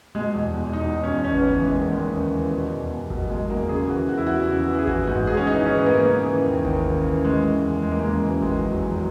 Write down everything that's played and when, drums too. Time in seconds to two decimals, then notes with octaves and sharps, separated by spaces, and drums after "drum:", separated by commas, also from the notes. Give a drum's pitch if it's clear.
0.15 B2 G#3
0.34 E2
0.54 E2
0.73 B2 D#4
0.93 B2
1.03 C#4
1.13 E2
1.24 C#4
1.33 C#3 B3, drum: kick G#1
1.53 E3
1.62 G#3
1.72 D#2
1.92 D#2 G#3
2.11 C#3
2.32 E3
2.51 B2
2.71 E2
2.91 E2
3.10 B2 F#3, drum: kick G#1
3.30 B2 G#3
3.50 E2 A#3
3.69 C#3 G#4
3.89 E3 F#4
4.09 E2 F#4
4.18 E4
4.26 E2 F#4
4.48 C#3
4.68 E3
4.78 G#4
4.87 E3 F#4, drum: kick G#1
5.07 G#2 F#4
5.27 G#2 G#4
5.37 C#4
5.47 E3 D#4
5.66 E3 C#4
5.78 B3
5.86 G#2 A#3
6.06 C#3
6.26 E3
6.46 D#2
6.65 D#2, drum: kick G#1
6.84 C#3
7.05 E3
7.24 C#3 G#3
7.44 E3
7.64 E2
7.83 E2 G#3
7.91 A#3
8.00 C#3 G#3
8.23 E3
8.30 F#3
8.42 D#3 G#3, drum: kick G#1
8.62 E2
8.72 F#3
8.82 E2
8.93 F#3